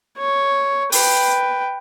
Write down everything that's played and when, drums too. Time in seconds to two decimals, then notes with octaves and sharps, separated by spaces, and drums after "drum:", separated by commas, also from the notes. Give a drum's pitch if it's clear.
0.18 C#5
0.92 B4 G5, drum: open hi-hat